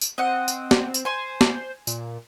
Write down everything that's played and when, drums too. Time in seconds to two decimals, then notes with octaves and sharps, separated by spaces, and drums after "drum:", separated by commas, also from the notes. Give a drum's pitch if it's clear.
0.01 drum: tambourine
0.18 C4 D#5 F#5
0.48 drum: tambourine
0.71 drum: snare
0.94 drum: tambourine
1.05 C5 G#5 C6
1.41 drum: snare
1.87 A#2, drum: tambourine